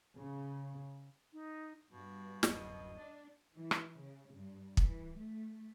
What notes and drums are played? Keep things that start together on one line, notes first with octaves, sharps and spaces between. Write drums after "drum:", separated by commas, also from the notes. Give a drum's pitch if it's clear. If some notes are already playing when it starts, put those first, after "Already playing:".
C#3
D#4
G2 B2
D1 F#2 D#5, drum: snare
D4
E3
drum: rim click
C#3
G2
E3, drum: kick
A3